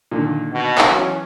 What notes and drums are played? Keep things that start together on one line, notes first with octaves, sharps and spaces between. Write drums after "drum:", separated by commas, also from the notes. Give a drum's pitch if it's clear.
A#2 D3 D#3
B2
drum: clap
E3 F#3 C#4